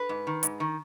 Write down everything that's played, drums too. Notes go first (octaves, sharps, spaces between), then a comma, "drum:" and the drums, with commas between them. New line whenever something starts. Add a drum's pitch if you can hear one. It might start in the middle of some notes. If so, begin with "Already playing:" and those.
Already playing: B4
G#2
D#3
G#2, drum: hi-hat
D#3